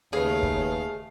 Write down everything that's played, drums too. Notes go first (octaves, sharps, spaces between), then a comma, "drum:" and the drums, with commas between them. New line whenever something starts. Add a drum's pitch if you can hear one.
D#2 C#3 A3 G#4 B4 C#5 F5
drum: kick